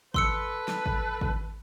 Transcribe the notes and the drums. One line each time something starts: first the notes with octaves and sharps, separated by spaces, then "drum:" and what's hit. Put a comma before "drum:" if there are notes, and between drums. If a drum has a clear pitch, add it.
A4 B4 C6 E6 C#7, drum: kick G#1
drum: snare
drum: kick G#1
drum: kick G#1